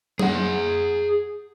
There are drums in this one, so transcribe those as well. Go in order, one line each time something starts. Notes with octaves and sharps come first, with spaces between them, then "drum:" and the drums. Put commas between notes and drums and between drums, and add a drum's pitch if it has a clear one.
G#4 F#5, drum: tom